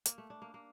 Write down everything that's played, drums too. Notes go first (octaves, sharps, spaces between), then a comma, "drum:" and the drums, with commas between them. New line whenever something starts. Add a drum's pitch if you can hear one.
A#3, drum: hi-hat
A3
D4
A#3
A#3